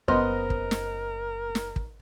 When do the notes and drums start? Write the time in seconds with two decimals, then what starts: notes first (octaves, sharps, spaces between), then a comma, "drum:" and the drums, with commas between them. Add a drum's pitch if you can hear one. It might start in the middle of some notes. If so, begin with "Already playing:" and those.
0.08 F#1 B3 A#4 C5 D#5 F6, drum: kick
0.50 drum: kick
0.71 drum: snare
1.55 drum: snare
1.76 drum: kick